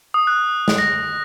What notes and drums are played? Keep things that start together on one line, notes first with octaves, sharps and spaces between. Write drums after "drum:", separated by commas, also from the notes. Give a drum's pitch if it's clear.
D#6
F#6
drum: snare
A#6